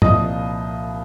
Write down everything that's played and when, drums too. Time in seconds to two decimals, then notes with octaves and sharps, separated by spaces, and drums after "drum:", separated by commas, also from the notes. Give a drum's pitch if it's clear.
0.02 C2 A#2 F3 D#5 D#6, drum: tom